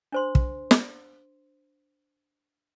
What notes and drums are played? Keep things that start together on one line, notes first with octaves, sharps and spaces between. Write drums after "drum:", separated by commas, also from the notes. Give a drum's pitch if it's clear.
D4 C5 C6
drum: kick
drum: snare